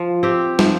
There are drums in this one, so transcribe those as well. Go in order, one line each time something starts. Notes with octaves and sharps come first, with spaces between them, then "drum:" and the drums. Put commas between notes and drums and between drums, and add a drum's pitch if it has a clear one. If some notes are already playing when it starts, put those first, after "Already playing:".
Already playing: F3
C4 G4
F3, drum: snare